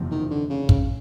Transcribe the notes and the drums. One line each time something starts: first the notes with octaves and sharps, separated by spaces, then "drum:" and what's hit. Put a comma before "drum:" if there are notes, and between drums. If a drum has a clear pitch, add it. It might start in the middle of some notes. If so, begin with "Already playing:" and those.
Already playing: F#1 E2 C3 F3
D#3
D3
C#3
drum: kick